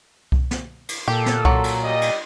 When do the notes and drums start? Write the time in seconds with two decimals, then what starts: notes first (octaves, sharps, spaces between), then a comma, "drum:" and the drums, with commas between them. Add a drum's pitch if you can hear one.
0.32 drum: kick C2
0.51 drum: snare
0.89 drum: cymbal
1.08 A#2 G4 A4
1.26 drum: snare
1.45 F#3, drum: kick C2
1.64 drum: cymbal
1.83 G3 D#5
2.01 drum: cymbal